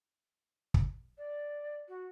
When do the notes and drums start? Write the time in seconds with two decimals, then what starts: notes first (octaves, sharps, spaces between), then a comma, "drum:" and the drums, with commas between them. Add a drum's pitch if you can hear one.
0.74 drum: kick
1.18 D5
1.88 F#4